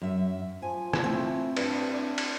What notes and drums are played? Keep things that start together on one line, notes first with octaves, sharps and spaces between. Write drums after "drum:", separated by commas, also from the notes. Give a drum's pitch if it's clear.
F#2 E5
F3 G#5
drum: rim click
A3 C4 E4
G2, drum: cymbal
D4
drum: cymbal